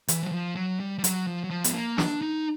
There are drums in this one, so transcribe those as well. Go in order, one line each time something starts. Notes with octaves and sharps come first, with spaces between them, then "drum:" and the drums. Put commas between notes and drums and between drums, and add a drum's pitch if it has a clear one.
E3, drum: hi-hat
F#3
F3
F#3
G3
G3
F#3, drum: hi-hat
F3
F#3
F3
B3, drum: hi-hat
A#3
D4, drum: snare
D#4